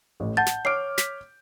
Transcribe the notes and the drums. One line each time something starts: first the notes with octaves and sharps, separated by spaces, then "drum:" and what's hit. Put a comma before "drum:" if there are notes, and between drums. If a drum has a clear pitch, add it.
A1 A2
F#5 A5 G6 A6
drum: snare
C#5 D6 F6 C7 D7
B6, drum: snare